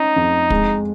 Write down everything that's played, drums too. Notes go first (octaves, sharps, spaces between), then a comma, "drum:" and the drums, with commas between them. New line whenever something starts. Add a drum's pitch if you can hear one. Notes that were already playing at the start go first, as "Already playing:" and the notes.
Already playing: C#4 D#4
F2
G#3, drum: kick